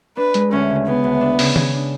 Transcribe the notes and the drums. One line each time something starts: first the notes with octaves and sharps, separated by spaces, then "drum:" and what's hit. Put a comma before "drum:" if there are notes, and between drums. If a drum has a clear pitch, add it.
D4 B4
G#3, drum: hi-hat
D2 C#4
C#3
C#3 B3
D2
D4
C#3, drum: open hi-hat
C#3, drum: tom
D4